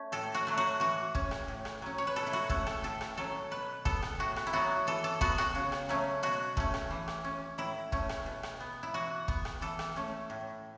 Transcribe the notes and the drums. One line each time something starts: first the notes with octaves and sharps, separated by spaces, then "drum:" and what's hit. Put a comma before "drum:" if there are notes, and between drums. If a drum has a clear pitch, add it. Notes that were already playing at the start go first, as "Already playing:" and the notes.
Already playing: A3 C#4
A2 A4
F#4
F#3 A3
F#4
E3 F#4
C#4, drum: kick
drum: rim click
A2
drum: rim click
F#3 C#4
C#5
B4
B2 A4
E4
F#4
A3 C#4 A4, drum: kick
A4, drum: rim click
A2 A4
drum: rim click
F#3 C#4 A4
B2 B4
B3 A4, drum: kick
drum: rim click
A2 F#4
drum: rim click
E4
F#3 B3 F#4
E3 A4
A4
B3 F#4, drum: kick
F#4, drum: rim click
C#3
drum: rim click
F#3 A3 C#4
B2 F#4
A3 C#4, drum: kick
drum: rim click
E3
drum: rim click
C#4
A2 E4
A3 C#4, drum: kick
drum: rim click
B2
drum: rim click
B3
E4
E3 F#4
B3, drum: kick
drum: rim click
E3 A4
drum: rim click
A3 C#4
A2